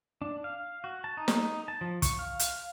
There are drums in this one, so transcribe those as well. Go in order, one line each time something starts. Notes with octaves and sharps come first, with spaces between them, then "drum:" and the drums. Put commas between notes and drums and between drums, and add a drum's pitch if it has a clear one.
D4
F5
F#4
A5
D#4
drum: snare
A5
F3
C#6, drum: kick, hi-hat
F5
drum: hi-hat